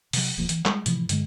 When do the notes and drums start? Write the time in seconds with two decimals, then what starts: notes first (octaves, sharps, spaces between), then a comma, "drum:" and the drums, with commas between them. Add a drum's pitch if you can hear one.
0.13 C3 F#3, drum: open hi-hat
0.38 D#1 C2 F3 A#3
0.49 E3, drum: hi-hat
0.65 G3 G#3, drum: clap
0.86 A2 C3 E3 F3, drum: hi-hat
1.09 G2 D3 G#3, drum: hi-hat